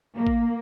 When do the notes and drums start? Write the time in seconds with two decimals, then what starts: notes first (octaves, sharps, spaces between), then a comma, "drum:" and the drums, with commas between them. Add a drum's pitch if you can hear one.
0.15 A#3
0.27 drum: kick